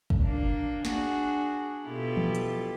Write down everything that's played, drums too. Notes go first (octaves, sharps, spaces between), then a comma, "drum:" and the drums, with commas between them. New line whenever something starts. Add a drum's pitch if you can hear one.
drum: kick
A#3 D4
D4 F#4 G#4, drum: snare
B2 E4 F4 G4 A4
drum: tom E3
drum: hi-hat